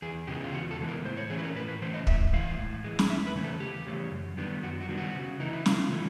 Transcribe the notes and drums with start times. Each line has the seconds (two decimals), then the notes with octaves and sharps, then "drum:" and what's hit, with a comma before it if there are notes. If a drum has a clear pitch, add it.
0.02 E2 G#4
0.27 C#3 E3 G#3 B3 G4
0.44 F4
0.53 E2 F#4
0.71 A4
0.79 C#3 E3 G#3 B3
0.88 A#4
1.05 A2 C5
1.17 C#5
1.30 E3 A3 C#4 G#4
1.39 B4
1.43 A#4
1.56 A2 B4
1.68 B4
1.82 E3 A3 C#4 C5
1.94 D#5
2.07 A2 E5, drum: kick
2.33 E3 G#3 F5
2.58 A2
2.84 E3 G#3
2.99 drum: snare
3.09 E2 E5
3.27 B4
3.35 C#3 E3 A3 C#4
3.44 A4
3.60 E2 G4
3.87 C#3 E3 A3 C#4
4.12 F#2
4.37 D#3 G3 B3 D4
4.63 F#2 F#4
4.81 F#4
4.89 D#3 G3 B3 D4
4.98 F#4
5.15 C#3
5.40 E3 A3 D#4
5.53 E4
5.66 C#3 F4, drum: snare
5.91 E3 A3